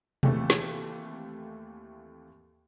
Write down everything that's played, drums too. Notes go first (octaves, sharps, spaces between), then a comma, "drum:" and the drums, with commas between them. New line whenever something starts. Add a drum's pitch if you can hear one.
D#2 E3 A3 C4, drum: tom B2
drum: snare